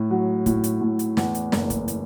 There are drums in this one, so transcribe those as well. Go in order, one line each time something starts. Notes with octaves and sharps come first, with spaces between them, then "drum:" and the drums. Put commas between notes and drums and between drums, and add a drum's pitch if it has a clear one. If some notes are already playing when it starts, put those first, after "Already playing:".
Already playing: A2
F#3
A2, drum: kick, hi-hat
drum: hi-hat
A2
drum: hi-hat
E2, drum: snare
drum: hi-hat
F#1, drum: snare
drum: kick, hi-hat
drum: hi-hat